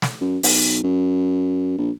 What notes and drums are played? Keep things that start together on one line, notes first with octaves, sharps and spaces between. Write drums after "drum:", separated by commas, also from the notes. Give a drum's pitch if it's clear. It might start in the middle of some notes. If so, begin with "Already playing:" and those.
drum: snare
F#2
B1, drum: open hi-hat
F#2
A#1